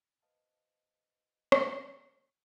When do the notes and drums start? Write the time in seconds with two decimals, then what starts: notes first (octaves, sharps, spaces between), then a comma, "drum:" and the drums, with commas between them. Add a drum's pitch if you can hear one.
0.22 B4 C5 D#5 F5 A5
1.52 drum: rim click